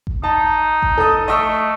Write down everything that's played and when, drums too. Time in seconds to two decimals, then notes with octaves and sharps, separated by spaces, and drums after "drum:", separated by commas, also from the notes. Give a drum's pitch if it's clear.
0.07 drum: kick G#1
0.24 D#4 A5
0.82 drum: kick G#1
0.98 A4 D#6
1.28 A3 D#5 C#6 E6